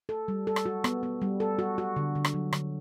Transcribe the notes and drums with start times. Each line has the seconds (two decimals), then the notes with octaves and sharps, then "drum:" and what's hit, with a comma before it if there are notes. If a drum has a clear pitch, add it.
0.09 A4
0.28 G3
0.47 A4
0.56 drum: rim click
0.65 F#4
0.84 B3, drum: rim click
1.03 B3
1.22 G3
1.40 A4
1.59 F#4
1.78 F#4
1.96 D3
2.15 D3
2.25 drum: rim click
2.34 F#3
2.53 D3, drum: rim click